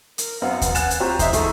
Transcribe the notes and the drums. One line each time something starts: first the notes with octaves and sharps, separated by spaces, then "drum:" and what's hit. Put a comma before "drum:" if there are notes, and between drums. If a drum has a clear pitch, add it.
A#4, drum: hi-hat
F#2 B3 C4 F5 F#5
drum: kick D#2, hi-hat
G#5 F#6 A6 E7, drum: hi-hat
drum: hi-hat
C4 F4 G4 C#5 A#5
C5 D#5 E5, drum: kick D#2, hi-hat
G#2 E3 A4 C#6, drum: hi-hat